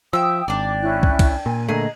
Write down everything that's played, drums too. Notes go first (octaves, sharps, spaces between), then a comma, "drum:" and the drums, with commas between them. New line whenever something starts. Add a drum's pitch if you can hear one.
F3 E5 G5 D#6 E6
G#1 D4 D5 G5 D6
C#4 E4 F#6
drum: kick
drum: kick, cymbal
A#2 G#5
A#2 D3 A3 G#4 D#5 A#5